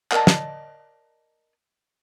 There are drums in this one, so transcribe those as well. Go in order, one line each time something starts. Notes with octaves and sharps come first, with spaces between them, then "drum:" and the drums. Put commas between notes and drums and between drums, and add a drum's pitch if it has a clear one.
A#4 D5 D#5 A5, drum: clap
drum: snare